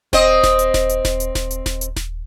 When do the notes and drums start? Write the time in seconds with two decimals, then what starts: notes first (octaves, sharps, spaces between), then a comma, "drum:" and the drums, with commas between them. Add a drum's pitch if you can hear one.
0.13 C4 D#5, drum: snare D#1
0.43 drum: snare D#1
0.59 drum: hi-hat
0.74 drum: snare D#1
0.89 drum: hi-hat
1.05 drum: snare D#1
1.20 drum: hi-hat
1.35 drum: snare D#1
1.51 drum: hi-hat
1.66 drum: snare D#1
1.81 drum: hi-hat
1.96 drum: snare D#1